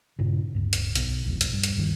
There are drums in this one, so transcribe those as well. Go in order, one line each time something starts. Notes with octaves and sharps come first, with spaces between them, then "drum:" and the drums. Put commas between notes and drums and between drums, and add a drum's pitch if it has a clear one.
G2 A#2 C#3
D1 G2
drum: hi-hat
B1, drum: hi-hat
D#1 B1 F2
drum: hi-hat
G2
drum: hi-hat
D#1 G2 D#3